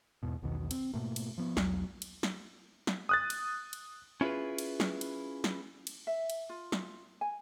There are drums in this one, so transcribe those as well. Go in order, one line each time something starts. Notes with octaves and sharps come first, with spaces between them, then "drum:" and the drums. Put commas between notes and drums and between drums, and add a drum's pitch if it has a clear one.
E2 G#2 B2
B1 E2 B2 D#3
C4, drum: cymbal
G#2 B2 A3 A#3
drum: cymbal
F3 B3
B1 E2 F#3 G#3, drum: snare
drum: cymbal
drum: snare
drum: snare
D#6 F#6 A6
drum: cymbal
drum: cymbal
C#4 E4 F4 G#4 B4
drum: cymbal
drum: snare
drum: cymbal
drum: snare
drum: cymbal
E5
drum: cymbal
F4
drum: snare
G#5